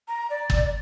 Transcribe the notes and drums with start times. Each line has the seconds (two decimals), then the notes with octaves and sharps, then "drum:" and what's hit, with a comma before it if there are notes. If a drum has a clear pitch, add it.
0.08 A#5
0.30 D5
0.50 drum: kick